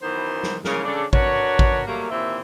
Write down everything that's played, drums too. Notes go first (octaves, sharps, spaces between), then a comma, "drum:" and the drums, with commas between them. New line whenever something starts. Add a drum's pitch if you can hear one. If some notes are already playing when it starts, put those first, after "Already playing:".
F#2 D#3 E3 B3 C5
drum: snare
G#2 C#3 E3 A#3 G#4 A#4, drum: snare
C#3 D4 A4
D4 F#4 A#4 B4 C#5, drum: kick A1
drum: kick A1
F#3 G3 A3 A#3
D#2 A#2 E3 C4 E5